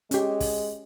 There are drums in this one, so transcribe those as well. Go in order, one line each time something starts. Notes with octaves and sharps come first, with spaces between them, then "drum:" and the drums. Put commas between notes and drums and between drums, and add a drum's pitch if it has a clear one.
G#3 C#4 G4, drum: hi-hat
drum: kick, open hi-hat